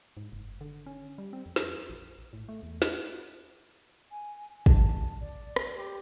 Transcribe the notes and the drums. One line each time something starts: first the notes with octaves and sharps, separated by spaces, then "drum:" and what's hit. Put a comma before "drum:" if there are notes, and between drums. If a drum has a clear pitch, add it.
G#2
F#1
D3
C#4
G3
C4
F2
drum: snare
A#1
A2
A3
E2
drum: snare
G#5
A5, drum: kick
D5
drum: rim click
G4